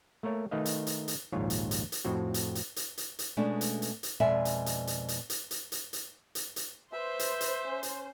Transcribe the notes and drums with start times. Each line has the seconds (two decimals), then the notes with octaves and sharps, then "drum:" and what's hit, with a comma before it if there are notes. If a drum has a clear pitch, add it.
0.23 A3 A#3 A#4 C#5
0.51 D#3 A3 D#4 B4 D#5 F5
0.65 drum: hi-hat
0.87 drum: hi-hat
1.08 drum: hi-hat
1.32 A#1 D#2 G#2 F4 C#5
1.50 drum: hi-hat
1.71 drum: hi-hat
1.92 drum: hi-hat
2.05 F2 A2 C4 F#4
2.34 drum: hi-hat
2.55 drum: hi-hat
2.76 drum: hi-hat
2.98 drum: hi-hat
3.19 drum: hi-hat
3.37 B2 G#3 A3 B3 C#4 D4
3.61 drum: hi-hat
3.82 drum: hi-hat
4.03 drum: hi-hat
4.20 F2 B2 G#3 D5 E5 G#5
4.45 drum: hi-hat
4.66 drum: hi-hat
4.87 drum: hi-hat
5.08 drum: hi-hat
5.30 drum: hi-hat
5.51 drum: hi-hat
5.72 drum: hi-hat
5.93 drum: hi-hat
6.35 drum: hi-hat
6.56 drum: hi-hat
6.92 B4 C5 E5
7.19 drum: hi-hat
7.41 drum: hi-hat
7.67 C#4
7.83 drum: hi-hat